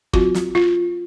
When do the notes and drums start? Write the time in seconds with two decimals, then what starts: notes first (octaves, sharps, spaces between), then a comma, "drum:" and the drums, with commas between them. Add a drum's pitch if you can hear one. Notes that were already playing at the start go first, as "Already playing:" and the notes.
0.13 F#3 C4 F4 F#4, drum: kick
0.35 drum: snare
0.55 F4